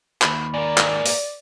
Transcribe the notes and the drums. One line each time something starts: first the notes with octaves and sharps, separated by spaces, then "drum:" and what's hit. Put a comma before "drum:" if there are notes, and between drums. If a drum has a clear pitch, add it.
D#2 B5, drum: clap
G#2 A#3 D5
drum: clap
drum: open hi-hat